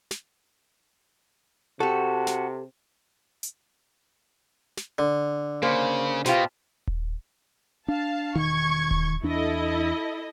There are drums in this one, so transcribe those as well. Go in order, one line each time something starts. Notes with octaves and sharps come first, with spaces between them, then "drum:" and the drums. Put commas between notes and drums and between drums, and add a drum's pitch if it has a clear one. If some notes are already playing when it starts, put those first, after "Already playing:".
drum: snare
C3 F#4 G4 A4 A5
drum: snare
drum: hi-hat
drum: snare
D3
C#3 A#3 C5
B2 F4 G4 C5, drum: snare
drum: kick D#1
D4 F5 A5
E1 D#3 C#6 G#6, drum: tom D#4
drum: kick D#1
E2 D4 E4 A4 D#5